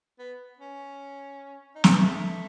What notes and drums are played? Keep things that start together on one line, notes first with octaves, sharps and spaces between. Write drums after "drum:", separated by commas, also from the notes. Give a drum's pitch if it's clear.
B3
C#4
D#4
C#4, drum: snare
B3
A3